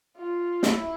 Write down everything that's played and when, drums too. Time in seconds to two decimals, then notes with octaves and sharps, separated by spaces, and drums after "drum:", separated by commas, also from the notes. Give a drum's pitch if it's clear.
0.17 F4
0.63 E4, drum: snare